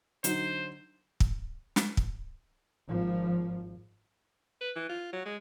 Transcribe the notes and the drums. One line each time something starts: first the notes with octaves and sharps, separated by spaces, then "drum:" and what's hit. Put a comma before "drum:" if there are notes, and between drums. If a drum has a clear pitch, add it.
D3 F#3 D#4 C5, drum: hi-hat
drum: kick
drum: snare
drum: kick
G#1 F3
B4
E3
F4
F#3
G#3